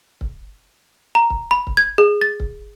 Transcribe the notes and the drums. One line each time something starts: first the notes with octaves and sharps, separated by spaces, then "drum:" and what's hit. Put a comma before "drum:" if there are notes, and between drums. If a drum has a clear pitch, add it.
drum: kick C#1
A#5
drum: kick C#1
B5
drum: kick C#1
G#6
G#4
A6
drum: kick C#1